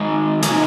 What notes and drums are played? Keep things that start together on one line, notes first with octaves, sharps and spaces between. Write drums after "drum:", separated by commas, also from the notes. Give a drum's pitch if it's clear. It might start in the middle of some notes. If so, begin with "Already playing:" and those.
Already playing: D#3 G#3 D#4
C3 D#3 A#3 D#4 G#5, drum: hi-hat